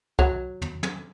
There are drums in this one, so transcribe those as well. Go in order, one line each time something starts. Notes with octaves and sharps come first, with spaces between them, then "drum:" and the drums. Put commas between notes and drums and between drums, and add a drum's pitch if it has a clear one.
F#3, drum: kick
drum: tom
drum: tom